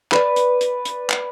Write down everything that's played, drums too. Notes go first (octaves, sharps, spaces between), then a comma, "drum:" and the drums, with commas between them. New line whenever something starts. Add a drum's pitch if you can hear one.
B4 D5, drum: clap
drum: hi-hat
drum: hi-hat
drum: hi-hat
drum: clap